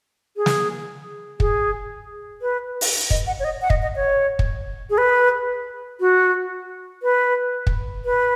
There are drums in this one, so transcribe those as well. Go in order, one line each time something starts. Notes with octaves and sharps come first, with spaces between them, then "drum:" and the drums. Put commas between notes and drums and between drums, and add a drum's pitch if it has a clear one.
G#4
drum: snare
G#4, drum: kick
B4
drum: open hi-hat
D#5, drum: kick
F#5
C#5
D#5
F#5
D#5, drum: kick
D#5
C#5
drum: kick
G#4
B4
F#4
B4
drum: kick
B4